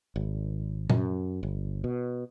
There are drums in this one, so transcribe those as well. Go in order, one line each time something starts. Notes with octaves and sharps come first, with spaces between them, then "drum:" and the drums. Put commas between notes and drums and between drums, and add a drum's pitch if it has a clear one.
G#1
F#2, drum: tom A#2
G1
B2